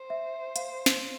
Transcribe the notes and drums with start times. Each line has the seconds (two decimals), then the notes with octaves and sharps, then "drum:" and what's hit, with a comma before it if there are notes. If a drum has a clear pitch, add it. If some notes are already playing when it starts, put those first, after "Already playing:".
Already playing: C5
0.10 E5
0.56 F5, drum: hi-hat
0.86 drum: snare